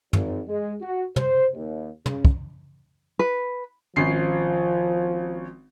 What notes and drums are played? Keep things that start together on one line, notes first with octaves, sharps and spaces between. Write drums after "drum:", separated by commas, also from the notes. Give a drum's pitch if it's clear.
G#1, drum: tom
G#3
F#4
C5, drum: tom
D#2
C#3, drum: tom
drum: kick
B4
G#1 F3 C#4 C7